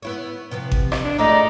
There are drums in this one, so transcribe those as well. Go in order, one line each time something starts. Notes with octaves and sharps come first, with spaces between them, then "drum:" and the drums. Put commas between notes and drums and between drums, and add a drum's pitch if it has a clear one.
B3 E4 C#5
C3 F3 B3
drum: kick G#1
drum: rim click
D4
F3 A3 E4 G#4 D5 D#5 A#5